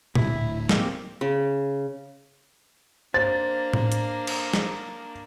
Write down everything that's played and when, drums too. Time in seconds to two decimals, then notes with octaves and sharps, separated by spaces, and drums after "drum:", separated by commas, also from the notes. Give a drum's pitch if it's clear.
0.15 D1 A2 E4, drum: tom A#2
0.69 A#3 C4 G4, drum: snare
1.21 C#3
3.14 A#3 D4 C5 A6
3.74 drum: tom A2
3.92 drum: hi-hat
4.27 drum: cymbal
4.54 drum: snare